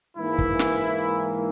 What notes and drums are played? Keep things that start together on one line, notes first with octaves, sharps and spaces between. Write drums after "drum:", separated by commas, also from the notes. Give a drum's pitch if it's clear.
G#2 E3 A#3 E4
drum: kick
drum: snare